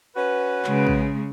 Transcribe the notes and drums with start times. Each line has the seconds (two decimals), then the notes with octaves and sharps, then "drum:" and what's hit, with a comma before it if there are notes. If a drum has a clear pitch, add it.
0.16 C#4 F#4 B4
0.65 C#3 G#3, drum: clap
0.87 drum: kick A#1